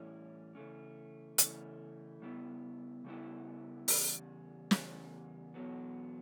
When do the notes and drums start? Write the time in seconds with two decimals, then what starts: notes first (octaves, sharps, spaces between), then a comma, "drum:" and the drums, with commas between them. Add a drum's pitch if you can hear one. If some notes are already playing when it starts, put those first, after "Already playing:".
Already playing: A2 E3 G3 C#4 E4
0.55 C#3 E3 A3 C#4
1.38 C#3 E3 A3 C#4, drum: hi-hat
2.22 C#3 G3 B3 E4
3.04 C#3 G3 B3 E4
3.88 E2 C#3 G3, drum: open hi-hat
4.71 E2 C#3 G3, drum: snare
5.54 E2 B2 F#3 B3